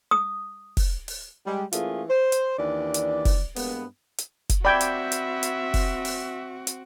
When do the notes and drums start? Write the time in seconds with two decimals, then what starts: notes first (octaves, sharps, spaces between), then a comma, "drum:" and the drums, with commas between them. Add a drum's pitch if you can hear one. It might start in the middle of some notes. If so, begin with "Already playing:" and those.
0.11 D#6
0.77 drum: kick, open hi-hat
1.08 drum: open hi-hat
1.47 G3 G#3
1.73 E3 A3 A#3 C#4 F4 G#4, drum: hi-hat
2.10 C5
2.32 drum: hi-hat
2.58 D#2 E3 D4 D5
2.94 drum: hi-hat
3.25 drum: kick, open hi-hat
3.56 G2 G#3 A#3 B3, drum: open hi-hat
4.18 drum: hi-hat
4.49 drum: kick, hi-hat
4.65 C4 F#4 D5 E5 G5 B5 G6 G#6
4.81 drum: hi-hat
5.12 drum: hi-hat
5.43 drum: hi-hat
5.74 drum: kick, open hi-hat
6.05 drum: open hi-hat
6.67 drum: hi-hat